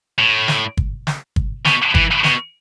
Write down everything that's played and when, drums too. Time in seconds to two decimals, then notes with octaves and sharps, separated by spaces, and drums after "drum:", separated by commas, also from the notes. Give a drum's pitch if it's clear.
0.19 A2
0.48 drum: snare
0.77 drum: kick G1
1.07 drum: snare
1.36 drum: kick G1
1.65 B2, drum: snare
1.95 E3, drum: kick G1
2.24 B2, drum: snare